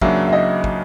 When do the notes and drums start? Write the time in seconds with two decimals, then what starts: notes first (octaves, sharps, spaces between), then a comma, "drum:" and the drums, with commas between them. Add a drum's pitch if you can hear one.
0.02 C#2 C#3 F#3 A#3 D4 E5, drum: kick
0.27 E5
0.33 D#5
0.64 drum: kick